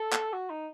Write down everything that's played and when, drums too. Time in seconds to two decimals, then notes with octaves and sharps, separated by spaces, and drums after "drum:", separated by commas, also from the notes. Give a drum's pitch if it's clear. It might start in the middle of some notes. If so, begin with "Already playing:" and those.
Already playing: A4
0.12 drum: clap
0.33 F#4
0.50 D#4